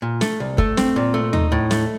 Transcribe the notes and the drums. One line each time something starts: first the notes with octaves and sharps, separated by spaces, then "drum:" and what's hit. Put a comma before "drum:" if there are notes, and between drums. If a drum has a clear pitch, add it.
A#2
A3, drum: snare
C2
A3, drum: kick
C4, drum: snare
A#2
A3
D#4, drum: tom D#2
A2
A3, drum: snare